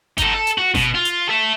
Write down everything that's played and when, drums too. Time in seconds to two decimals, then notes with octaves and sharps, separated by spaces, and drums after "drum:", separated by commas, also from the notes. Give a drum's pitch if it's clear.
0.18 D#4 A4, drum: kick G1, hi-hat
0.34 A4
0.47 drum: hi-hat
0.58 F#4
0.75 B2, drum: snare G1
0.95 F4
1.05 drum: hi-hat
1.29 A4 E5